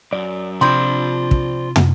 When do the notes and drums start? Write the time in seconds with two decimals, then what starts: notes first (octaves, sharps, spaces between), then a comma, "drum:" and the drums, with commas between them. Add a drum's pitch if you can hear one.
0.13 F#2 D5
0.61 C3 F3 C4 D4 F4 B5 C6
1.31 drum: kick
1.76 drum: tom